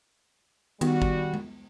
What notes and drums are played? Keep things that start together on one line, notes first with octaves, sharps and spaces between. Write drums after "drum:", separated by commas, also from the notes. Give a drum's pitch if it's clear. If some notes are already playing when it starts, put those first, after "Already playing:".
D#3 G3 B3 F#4, drum: cymbal
drum: kick G#1
drum: tom G#3